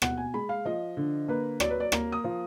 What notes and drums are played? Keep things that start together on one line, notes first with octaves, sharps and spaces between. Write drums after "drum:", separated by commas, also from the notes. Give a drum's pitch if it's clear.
B2 F#5, drum: rim click
G#5
G#3 B5
F5
F3 D#5
D3
A#3 B4
F#3 D5, drum: rim click
B4
D5
A#3, drum: rim click
D#6
F3